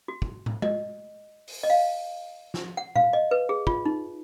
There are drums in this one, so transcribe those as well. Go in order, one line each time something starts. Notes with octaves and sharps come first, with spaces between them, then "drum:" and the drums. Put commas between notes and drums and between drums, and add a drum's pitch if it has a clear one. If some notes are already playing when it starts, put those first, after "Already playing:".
F#4
drum: kick
drum: tom
D#5, drum: tom G#3
drum: open hi-hat
D#5
F5
drum: snare
F#5
F5, drum: tom
D#5
B4
G#4
F4, drum: kick
D#4